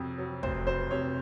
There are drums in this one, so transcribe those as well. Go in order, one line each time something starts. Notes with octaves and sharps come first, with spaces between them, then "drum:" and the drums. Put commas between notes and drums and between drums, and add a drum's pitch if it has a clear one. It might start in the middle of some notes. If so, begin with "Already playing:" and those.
Already playing: F2 C3 F#3
F#3
F1 C5, drum: kick
F#3 C5
C3 C#5